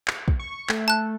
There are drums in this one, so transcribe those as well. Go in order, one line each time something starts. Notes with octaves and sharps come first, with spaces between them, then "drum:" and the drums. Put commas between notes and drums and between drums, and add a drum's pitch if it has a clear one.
drum: clap
drum: kick
C#6
A3, drum: clap
A5 F#6